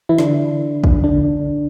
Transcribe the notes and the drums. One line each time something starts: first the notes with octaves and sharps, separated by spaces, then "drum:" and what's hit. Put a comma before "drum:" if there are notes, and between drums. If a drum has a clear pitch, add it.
E3 E4
D3 D4, drum: snare
drum: kick
D3 D4